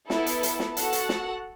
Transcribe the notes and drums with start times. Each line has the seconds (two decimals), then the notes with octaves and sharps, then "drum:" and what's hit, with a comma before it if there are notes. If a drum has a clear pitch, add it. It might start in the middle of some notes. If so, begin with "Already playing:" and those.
0.10 B3 E4 A4, drum: snare
0.26 drum: hi-hat
0.43 drum: hi-hat
0.60 drum: snare
0.77 F#4 A4 F#5 A5, drum: hi-hat
0.93 drum: hi-hat
1.09 drum: snare